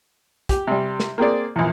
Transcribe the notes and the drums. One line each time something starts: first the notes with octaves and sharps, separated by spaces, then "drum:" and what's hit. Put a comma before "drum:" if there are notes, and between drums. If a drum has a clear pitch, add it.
G4, drum: kick, hi-hat
C3 G3
drum: snare
A#3 C4 G#4 D5
A#1 E2